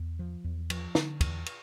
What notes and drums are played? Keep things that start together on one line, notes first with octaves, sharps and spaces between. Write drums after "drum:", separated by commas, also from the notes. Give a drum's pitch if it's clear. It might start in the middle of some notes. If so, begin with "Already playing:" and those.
Already playing: E2
F3
E2
F3, drum: cymbal
D3, drum: snare
E2, drum: kick, cymbal
drum: cymbal